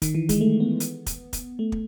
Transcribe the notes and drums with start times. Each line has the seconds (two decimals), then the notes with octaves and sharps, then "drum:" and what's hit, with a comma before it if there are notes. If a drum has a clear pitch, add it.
0.02 D#3, drum: kick, hi-hat
0.15 E3
0.29 G#3, drum: kick, hi-hat
0.41 A3
0.60 B3
0.80 drum: hi-hat
1.06 drum: kick, hi-hat
1.33 drum: kick, hi-hat
1.59 A3
1.72 drum: kick